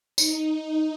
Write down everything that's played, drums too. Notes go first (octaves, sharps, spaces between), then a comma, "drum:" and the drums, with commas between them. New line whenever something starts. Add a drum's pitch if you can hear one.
D#4, drum: tambourine